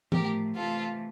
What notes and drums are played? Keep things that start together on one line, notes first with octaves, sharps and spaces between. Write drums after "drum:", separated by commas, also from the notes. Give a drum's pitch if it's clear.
A2 F3 A3 G4 A#4, drum: tom E3
C3 E3 A3 F4 A4